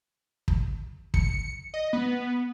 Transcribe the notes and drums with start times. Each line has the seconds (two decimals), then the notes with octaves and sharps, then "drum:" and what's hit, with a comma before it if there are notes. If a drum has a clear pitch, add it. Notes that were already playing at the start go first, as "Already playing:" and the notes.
0.48 drum: kick
1.14 C#7, drum: kick
1.74 D#5
1.93 B3